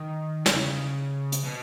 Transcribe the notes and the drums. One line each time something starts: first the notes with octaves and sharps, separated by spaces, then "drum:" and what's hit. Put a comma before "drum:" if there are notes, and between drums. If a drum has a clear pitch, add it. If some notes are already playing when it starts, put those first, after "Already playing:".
Already playing: D#3
D#3, drum: snare
C#3
drum: hi-hat
B2